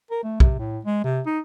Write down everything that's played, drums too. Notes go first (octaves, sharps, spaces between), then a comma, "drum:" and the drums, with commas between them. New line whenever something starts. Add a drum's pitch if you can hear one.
A#4
A3
C3, drum: kick
A2
G#3
C3
D#4